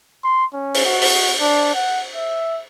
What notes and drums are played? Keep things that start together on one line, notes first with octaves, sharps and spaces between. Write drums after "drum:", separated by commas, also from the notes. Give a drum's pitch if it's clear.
C6
C#4
drum: open hi-hat
F#4
drum: open hi-hat
D4
F#5
E5